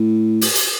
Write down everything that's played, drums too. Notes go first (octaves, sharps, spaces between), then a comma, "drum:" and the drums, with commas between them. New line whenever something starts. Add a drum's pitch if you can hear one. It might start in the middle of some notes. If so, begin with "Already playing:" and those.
Already playing: A2
drum: open hi-hat
drum: hi-hat